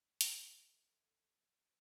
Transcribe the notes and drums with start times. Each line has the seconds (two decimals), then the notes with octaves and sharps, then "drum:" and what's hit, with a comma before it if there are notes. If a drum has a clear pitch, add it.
0.21 E2 A4 E5 G#6, drum: hi-hat